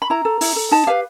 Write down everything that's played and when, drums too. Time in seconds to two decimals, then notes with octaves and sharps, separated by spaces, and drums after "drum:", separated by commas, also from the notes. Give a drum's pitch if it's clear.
0.02 B5
0.10 E4 A#5
0.25 A4
0.41 E4, drum: open hi-hat
0.56 A4
0.71 D#4 A5
0.87 G4 B4 F5